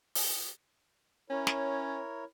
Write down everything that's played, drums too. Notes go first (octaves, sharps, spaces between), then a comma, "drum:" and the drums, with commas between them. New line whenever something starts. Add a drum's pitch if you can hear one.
drum: open hi-hat
C#4 E4 A#4 C#5
drum: snare